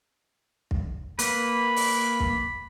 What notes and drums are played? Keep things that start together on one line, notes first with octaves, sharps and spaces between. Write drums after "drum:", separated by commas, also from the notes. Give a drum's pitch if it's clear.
drum: kick
A#3 B4 B5, drum: hi-hat
drum: open hi-hat
drum: kick